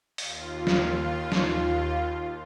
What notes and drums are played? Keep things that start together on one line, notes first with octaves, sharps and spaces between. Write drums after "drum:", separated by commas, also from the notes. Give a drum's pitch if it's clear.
D#2 F4, drum: open hi-hat
drum: snare
drum: snare